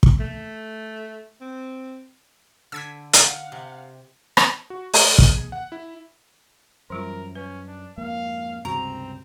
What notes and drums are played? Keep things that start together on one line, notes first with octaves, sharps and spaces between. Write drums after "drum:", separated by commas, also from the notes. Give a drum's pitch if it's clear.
drum: kick
A3
C4
D3 E6 G#6 B6
F5 F#5, drum: hi-hat
C3
drum: rim click
F#4
A3, drum: open hi-hat
G#4, drum: kick
F#5
E4
F#2 E3 G3 F4 A#4
C#4 B4
D4
F2 G#2 A#3 F5
C#2 G2 C3 C4 F#4 A#5